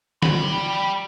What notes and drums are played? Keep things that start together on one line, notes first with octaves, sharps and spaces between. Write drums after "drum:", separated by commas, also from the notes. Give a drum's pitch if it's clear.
G3 B5, drum: snare